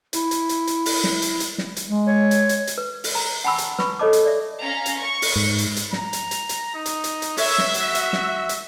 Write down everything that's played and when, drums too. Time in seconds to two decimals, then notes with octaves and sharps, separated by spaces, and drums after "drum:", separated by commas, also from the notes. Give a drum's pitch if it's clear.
0.13 E4, drum: hi-hat
0.31 drum: hi-hat
0.49 drum: hi-hat
0.67 drum: hi-hat
0.86 drum: open hi-hat
1.04 drum: snare
1.22 drum: hi-hat
1.40 drum: hi-hat
1.58 drum: snare
1.76 drum: hi-hat
1.87 G#3
2.06 C#5
2.31 drum: hi-hat
2.49 drum: hi-hat
2.67 drum: hi-hat
2.78 B4
3.04 drum: open hi-hat
3.15 A#5
3.44 F#5 G#5 A5 B5 C#6 E6
3.58 drum: hi-hat
3.79 B4 B5 C#6, drum: snare
3.99 A4 C#5 D#5 A5 D6
4.13 drum: hi-hat
4.25 D5 E5
4.60 C#4 F5 A#5
4.86 drum: hi-hat
4.98 C#6
5.22 drum: open hi-hat
5.36 G#2
5.58 drum: hi-hat
5.76 drum: hi-hat
5.93 A#5, drum: snare
6.13 drum: hi-hat
6.31 drum: hi-hat
6.49 drum: hi-hat
6.75 D#4
6.86 drum: hi-hat
7.04 drum: hi-hat
7.22 drum: hi-hat
7.37 C#5 E5, drum: open hi-hat
7.58 drum: snare
7.74 F#4, drum: hi-hat
7.95 drum: hi-hat
8.13 drum: snare
8.49 drum: hi-hat